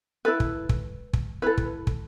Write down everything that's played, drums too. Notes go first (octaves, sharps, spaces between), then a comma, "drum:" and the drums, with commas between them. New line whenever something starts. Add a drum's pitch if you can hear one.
E4 A4 B4
drum: kick
drum: kick
drum: kick
E4 A4 B4
drum: kick
drum: kick